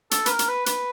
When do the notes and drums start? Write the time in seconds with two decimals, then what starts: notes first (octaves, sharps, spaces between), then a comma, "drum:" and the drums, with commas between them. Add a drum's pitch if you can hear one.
0.11 A4, drum: hi-hat
0.26 B4, drum: hi-hat
0.29 A#4
0.39 drum: hi-hat
0.48 B4
0.66 B4, drum: hi-hat